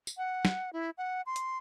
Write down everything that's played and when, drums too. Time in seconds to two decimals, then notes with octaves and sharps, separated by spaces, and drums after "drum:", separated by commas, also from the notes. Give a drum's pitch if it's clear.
0.07 drum: tambourine
0.17 F#5
0.45 drum: snare
0.73 E4
0.98 F#5
1.26 C6
1.36 drum: hi-hat